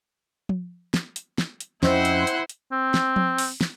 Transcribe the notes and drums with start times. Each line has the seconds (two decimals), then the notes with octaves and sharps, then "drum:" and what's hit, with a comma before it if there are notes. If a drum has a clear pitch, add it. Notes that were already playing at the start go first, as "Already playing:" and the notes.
0.49 drum: tom F3
0.94 drum: snare
1.16 drum: hi-hat
1.38 drum: snare
1.60 drum: hi-hat
1.83 F2 C4 C#4 E4 C5 D#5 F#5, drum: snare
2.05 drum: hi-hat
2.27 drum: hi-hat
2.49 drum: hi-hat
2.72 C4
2.94 drum: snare
3.16 drum: tom F3
3.38 drum: open hi-hat
3.61 drum: snare